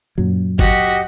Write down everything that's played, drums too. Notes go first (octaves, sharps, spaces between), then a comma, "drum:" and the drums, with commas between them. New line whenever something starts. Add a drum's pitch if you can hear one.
F#2 A#2 F#3
F#4 G4 D#5 F#5 B6, drum: kick